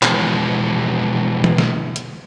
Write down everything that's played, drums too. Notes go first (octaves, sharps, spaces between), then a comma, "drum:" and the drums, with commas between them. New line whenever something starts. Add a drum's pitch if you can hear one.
B2 E3 F3 G#3, drum: clap
drum: tom E3
drum: snare
drum: hi-hat